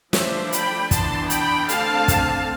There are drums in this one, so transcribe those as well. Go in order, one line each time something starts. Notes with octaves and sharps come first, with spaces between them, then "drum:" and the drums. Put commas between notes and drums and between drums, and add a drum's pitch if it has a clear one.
F3 A3 D4 C5 E5, drum: snare
G5 B5, drum: hi-hat
E3 B3 D4 A5 C6, drum: kick, hi-hat
G5 B5, drum: hi-hat
D3 A3 C4 F5 A5, drum: hi-hat
drum: kick, hi-hat